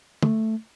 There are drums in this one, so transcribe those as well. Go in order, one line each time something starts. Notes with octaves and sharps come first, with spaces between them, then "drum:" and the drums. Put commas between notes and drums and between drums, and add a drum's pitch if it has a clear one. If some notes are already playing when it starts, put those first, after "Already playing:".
A3, drum: tom